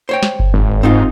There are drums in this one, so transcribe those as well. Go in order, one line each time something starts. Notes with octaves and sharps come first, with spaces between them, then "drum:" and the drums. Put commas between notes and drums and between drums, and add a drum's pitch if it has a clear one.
C5 C#5 G5
drum: snare
drum: kick F#1
G#1
G#2 C4 D#4 F4